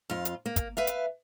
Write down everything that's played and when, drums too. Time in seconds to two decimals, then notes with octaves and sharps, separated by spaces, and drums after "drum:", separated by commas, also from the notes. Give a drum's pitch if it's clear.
0.10 F2 F4
0.25 drum: hi-hat
0.46 A#3
0.56 drum: kick, hi-hat
0.77 B4 E5 F5
0.87 drum: hi-hat